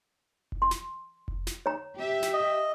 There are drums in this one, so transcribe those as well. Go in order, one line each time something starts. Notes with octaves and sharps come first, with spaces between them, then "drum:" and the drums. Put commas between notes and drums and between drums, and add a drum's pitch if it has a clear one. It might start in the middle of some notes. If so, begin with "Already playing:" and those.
drum: kick F1
C6
drum: snare
drum: kick F1
drum: snare
C#5 A#5
G4 E5
drum: snare
D#5